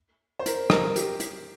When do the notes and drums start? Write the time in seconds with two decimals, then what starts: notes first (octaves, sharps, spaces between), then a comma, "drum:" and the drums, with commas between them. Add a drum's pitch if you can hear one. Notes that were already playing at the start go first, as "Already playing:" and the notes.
0.39 C5
0.46 A#4, drum: hi-hat
0.70 A#4, drum: rim click
0.96 G4, drum: hi-hat
1.20 drum: hi-hat